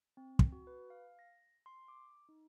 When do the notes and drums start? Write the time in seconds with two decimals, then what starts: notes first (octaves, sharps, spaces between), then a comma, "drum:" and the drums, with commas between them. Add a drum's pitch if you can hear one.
0.17 C4
0.39 drum: kick
0.52 F#4
0.67 B4
0.90 F5
1.19 A#6
1.66 C6
1.88 D6
2.29 D#4